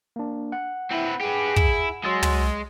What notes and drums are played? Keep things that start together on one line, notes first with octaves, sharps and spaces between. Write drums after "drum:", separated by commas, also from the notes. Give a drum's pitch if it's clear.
A#3 D4
F#5
C4 E4 B4
G4 G#4 B4
E4, drum: kick
F#3 G#3 C6 E6 A6
drum: tom